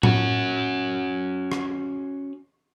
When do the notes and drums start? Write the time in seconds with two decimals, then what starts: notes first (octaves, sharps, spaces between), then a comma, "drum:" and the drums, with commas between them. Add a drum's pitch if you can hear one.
0.03 C#4 F#4, drum: tom A2
1.52 drum: rim click